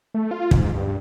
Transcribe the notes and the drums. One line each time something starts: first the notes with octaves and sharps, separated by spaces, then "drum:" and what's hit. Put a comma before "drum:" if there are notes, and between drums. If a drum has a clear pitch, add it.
A3
F4
G#2, drum: kick
G2